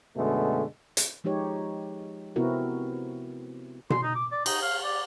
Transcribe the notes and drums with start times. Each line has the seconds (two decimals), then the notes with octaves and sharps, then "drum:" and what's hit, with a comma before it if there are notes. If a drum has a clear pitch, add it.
0.17 F#2 B2 D3 G#3 A3
0.97 drum: hi-hat
1.24 F3 G#3 D#4 G4 C#5
2.36 C3 B3 C4 E4 F#4 A#4
3.90 C6, drum: tom B2
4.03 D#4
4.15 D6
4.32 D5
4.46 D#4, drum: cymbal
4.62 F5
4.84 D5